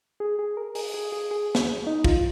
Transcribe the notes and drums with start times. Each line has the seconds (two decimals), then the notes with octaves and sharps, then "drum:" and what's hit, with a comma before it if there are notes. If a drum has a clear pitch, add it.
0.20 G#4
0.39 G#4
0.57 A#4
0.75 G#4, drum: open hi-hat
0.94 G#4
1.12 G#4
1.31 G#4
1.55 drum: snare
1.87 D#4
2.04 F4, drum: kick